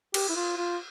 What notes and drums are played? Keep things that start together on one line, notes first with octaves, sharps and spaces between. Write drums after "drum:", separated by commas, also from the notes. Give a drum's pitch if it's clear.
G4, drum: cymbal
E4
F4
F4